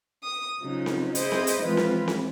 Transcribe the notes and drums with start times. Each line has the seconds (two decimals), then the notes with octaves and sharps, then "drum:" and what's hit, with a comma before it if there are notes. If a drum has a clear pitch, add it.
0.23 D#6
0.61 C#3 F3 F#3 D#4
0.86 drum: snare C4
1.15 E4 G#4 C5 D#5, drum: hi-hat
1.32 drum: snare C4
1.47 drum: hi-hat
1.62 E3 F3 G#3 C4 F4 B4
1.77 drum: snare C4
2.08 drum: snare C4